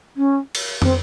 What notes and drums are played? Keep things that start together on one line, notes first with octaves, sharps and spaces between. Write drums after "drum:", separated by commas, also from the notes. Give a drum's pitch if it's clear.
C#4
drum: cymbal
C4, drum: tom